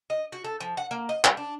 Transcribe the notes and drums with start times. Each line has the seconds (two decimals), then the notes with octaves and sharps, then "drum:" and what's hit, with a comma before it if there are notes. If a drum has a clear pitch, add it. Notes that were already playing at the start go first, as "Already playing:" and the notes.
0.10 D#5
0.32 F#4
0.44 A4
0.60 F3
0.77 F#5
0.91 A#3
1.09 D#5
1.24 G3, drum: clap
1.37 D4